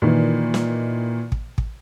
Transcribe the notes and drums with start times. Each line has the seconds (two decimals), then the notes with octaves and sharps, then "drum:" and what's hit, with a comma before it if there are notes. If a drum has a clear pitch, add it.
0.02 A#2 D#3 E3
0.54 drum: snare
1.32 drum: kick
1.58 drum: kick